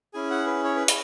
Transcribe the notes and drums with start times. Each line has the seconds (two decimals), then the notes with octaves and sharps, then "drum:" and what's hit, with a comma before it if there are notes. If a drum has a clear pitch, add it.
0.14 C#4 E4 G#4 G#5
0.30 F#5
0.46 B4
0.64 C#5
0.76 B4
0.88 drum: hi-hat